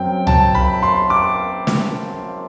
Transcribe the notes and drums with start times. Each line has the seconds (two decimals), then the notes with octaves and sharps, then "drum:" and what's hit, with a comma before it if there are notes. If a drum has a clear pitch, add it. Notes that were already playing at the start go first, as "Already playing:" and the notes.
Already playing: F#2 F#3 C4 G5
0.27 A5, drum: tom C2
0.55 B5
0.83 C6
1.10 D6
1.67 drum: snare